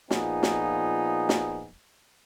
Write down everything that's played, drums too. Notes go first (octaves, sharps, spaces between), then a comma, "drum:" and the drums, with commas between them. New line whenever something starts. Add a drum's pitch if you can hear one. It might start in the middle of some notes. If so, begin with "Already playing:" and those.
A#2 F3 B3 D#4 G#4, drum: snare
drum: snare
drum: snare